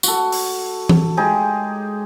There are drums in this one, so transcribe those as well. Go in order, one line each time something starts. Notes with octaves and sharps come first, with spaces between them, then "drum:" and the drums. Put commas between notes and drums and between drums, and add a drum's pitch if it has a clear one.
F#4 A4, drum: tambourine
drum: open hi-hat
drum: tom E3
G#3 D#4 G4 G#4